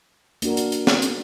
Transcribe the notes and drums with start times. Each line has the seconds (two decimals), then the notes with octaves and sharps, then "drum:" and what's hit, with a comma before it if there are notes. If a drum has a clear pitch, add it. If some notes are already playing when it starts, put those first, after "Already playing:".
0.42 A#3 D4 F#4 A#4, drum: hi-hat
0.57 drum: hi-hat
0.72 drum: hi-hat
0.87 drum: snare
1.02 drum: hi-hat